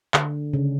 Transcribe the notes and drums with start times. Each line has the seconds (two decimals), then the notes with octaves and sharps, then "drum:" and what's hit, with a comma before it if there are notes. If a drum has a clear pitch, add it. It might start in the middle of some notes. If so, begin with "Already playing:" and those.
0.14 D3, drum: clap
0.53 C#3